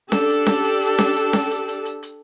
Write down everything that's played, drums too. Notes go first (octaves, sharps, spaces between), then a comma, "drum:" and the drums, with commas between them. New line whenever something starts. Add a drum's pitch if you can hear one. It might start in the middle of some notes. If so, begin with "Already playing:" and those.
D4 G4 A4, drum: snare C#4
drum: hi-hat
drum: snare C#4
drum: hi-hat
drum: hi-hat
drum: snare C#4
drum: hi-hat
drum: snare C#4
drum: hi-hat
drum: hi-hat
drum: hi-hat
drum: hi-hat